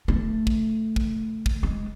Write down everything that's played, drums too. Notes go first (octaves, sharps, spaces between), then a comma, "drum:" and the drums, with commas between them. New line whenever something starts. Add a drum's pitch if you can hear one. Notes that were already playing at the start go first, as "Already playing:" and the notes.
A3
drum: kick
drum: kick
drum: kick
G#3